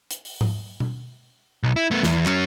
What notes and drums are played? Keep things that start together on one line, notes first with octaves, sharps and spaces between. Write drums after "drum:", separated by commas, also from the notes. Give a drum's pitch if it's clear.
drum: hi-hat
drum: open hi-hat
drum: tom G#2
drum: tom B2
B1
E4
A3 B3
E2, drum: snare
F#3 C#4, drum: clap